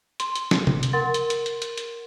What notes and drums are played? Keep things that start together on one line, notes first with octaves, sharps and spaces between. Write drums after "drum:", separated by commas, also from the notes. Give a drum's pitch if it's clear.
C6, drum: hi-hat
drum: hi-hat
drum: snare
drum: tom C3
drum: hi-hat
A#4 F#5 C6 A6
drum: hi-hat
drum: hi-hat
drum: hi-hat
drum: hi-hat
drum: hi-hat